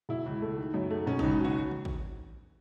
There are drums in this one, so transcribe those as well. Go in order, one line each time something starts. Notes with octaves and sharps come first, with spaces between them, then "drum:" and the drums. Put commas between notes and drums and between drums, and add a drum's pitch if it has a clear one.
B2 E4
C#2
A3
D#3
F#2
A3
B2 C#4
D#4, drum: kick A1
C#2
D#4
F#3 F#4
drum: tom B2
drum: kick A1